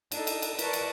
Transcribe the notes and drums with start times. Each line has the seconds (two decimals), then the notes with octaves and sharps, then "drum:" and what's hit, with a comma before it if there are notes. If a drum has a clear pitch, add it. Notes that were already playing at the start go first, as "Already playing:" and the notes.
0.12 D4 D#4 A4, drum: cymbal
0.27 drum: cymbal
0.42 drum: cymbal
0.59 A#4 B4 D5 A5 C#6, drum: cymbal
0.73 drum: cymbal